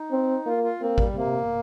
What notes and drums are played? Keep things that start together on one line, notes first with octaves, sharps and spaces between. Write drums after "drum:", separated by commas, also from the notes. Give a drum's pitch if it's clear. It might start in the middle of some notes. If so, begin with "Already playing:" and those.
Already playing: D#4
C4
A#3 F4
F4
A#3 C4
G3, drum: kick A1
C3 A#3